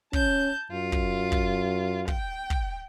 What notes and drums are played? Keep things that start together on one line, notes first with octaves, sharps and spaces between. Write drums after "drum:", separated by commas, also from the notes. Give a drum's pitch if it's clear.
C#4 A5 G6, drum: kick
F#2 F4
drum: kick
drum: kick
G5, drum: kick
drum: kick